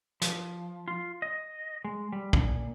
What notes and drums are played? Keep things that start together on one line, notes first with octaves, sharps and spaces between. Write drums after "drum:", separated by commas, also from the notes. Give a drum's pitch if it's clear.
F3, drum: hi-hat
F4
D#5
G#3
G3
A#2, drum: kick